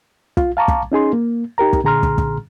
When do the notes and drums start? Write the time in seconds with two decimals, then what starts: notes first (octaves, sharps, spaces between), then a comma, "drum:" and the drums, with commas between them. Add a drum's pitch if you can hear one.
0.37 F4, drum: kick
0.57 F5 A5 A#5 C#6 D6
0.68 drum: kick
0.92 C#4 D#4 G#4 C6
1.13 A#3
1.58 D#4 G4 A#4 A#5
1.73 drum: kick
1.84 A#2 D3 G#4 A#5 C6 F6
2.03 drum: kick
2.18 drum: kick